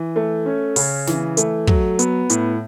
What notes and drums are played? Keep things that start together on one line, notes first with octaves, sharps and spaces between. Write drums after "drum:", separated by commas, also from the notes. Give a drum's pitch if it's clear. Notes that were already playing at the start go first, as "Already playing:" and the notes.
Already playing: E3
A3
C#4
C#3, drum: open hi-hat
E3, drum: snare
A3, drum: hi-hat
F#3, drum: kick
B3, drum: hi-hat
A2, drum: hi-hat